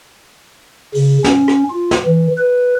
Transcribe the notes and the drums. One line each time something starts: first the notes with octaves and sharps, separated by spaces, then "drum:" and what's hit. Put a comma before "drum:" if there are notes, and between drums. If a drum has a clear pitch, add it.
C#3, drum: open hi-hat
C#4, drum: snare
drum: rim click
F4
drum: snare
E3
B4